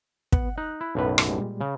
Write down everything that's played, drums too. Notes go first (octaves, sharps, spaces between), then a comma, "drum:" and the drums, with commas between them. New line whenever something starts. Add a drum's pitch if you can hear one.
B3 F#5, drum: kick
D#4 F#6
E4
B1 F#2 A2 F#3 B4
drum: rim click
A#2 G3 G#3
C#3